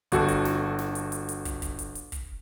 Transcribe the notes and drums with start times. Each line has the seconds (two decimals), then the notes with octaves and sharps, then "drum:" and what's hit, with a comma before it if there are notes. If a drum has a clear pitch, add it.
0.12 G1 F#4 A4, drum: kick, hi-hat
0.28 drum: hi-hat
0.45 drum: snare
0.78 drum: snare
0.95 drum: hi-hat
1.12 drum: hi-hat
1.29 drum: hi-hat
1.45 drum: kick, hi-hat
1.62 drum: kick, hi-hat
1.79 drum: hi-hat
1.95 drum: hi-hat
2.12 drum: kick, hi-hat